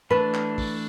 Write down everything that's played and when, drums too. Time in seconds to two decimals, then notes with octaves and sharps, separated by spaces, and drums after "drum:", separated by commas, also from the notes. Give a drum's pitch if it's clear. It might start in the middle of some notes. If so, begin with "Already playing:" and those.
0.11 E3 A3 D4 B4, drum: tom
0.34 drum: clap
0.58 drum: kick, open hi-hat